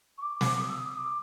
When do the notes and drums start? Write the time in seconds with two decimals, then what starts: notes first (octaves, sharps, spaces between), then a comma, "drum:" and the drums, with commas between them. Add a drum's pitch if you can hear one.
0.18 C#6
0.22 D6
0.41 drum: snare
0.60 D#6
0.69 E6
0.78 D#6
0.93 D#6
0.97 D6